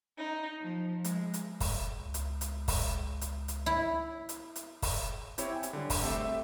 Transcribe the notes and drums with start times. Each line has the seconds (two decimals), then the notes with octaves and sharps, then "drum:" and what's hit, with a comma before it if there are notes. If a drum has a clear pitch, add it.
0.17 D#4
0.61 F3
1.04 G#3, drum: hi-hat
1.34 drum: hi-hat
1.60 drum: kick, open hi-hat
1.99 C#2
2.14 drum: hi-hat
2.41 drum: hi-hat
2.68 drum: kick, open hi-hat
3.21 drum: hi-hat
3.48 drum: hi-hat
3.66 E4
4.29 drum: hi-hat
4.56 drum: hi-hat
4.82 drum: kick, open hi-hat
5.38 C4 E4 G4 C#5, drum: hi-hat
5.52 G5 G#5
5.63 drum: hi-hat
5.73 D3 G3
5.90 drum: kick, open hi-hat
6.03 A3 C4 G4 A4 C5 E5
6.25 E5